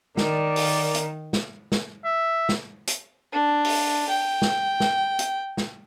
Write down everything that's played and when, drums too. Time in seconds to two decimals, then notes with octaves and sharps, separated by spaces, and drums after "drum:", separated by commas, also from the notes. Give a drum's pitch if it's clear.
0.17 D#3 A#4 D5, drum: snare
0.56 drum: open hi-hat
0.95 drum: hi-hat
1.33 drum: snare
1.72 drum: snare
2.05 E5
2.49 drum: snare
2.87 drum: hi-hat
3.33 D4
3.65 drum: open hi-hat
4.09 G5
4.42 drum: snare
4.80 drum: snare
5.19 drum: hi-hat
5.57 drum: snare